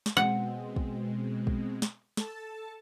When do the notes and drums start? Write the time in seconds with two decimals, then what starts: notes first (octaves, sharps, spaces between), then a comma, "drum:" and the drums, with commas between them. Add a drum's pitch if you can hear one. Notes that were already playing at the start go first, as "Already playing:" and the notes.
0.06 drum: snare
0.17 B2 G#3 C4 F#5
0.76 drum: kick
1.47 drum: kick
1.82 drum: snare
2.17 A4 A5, drum: snare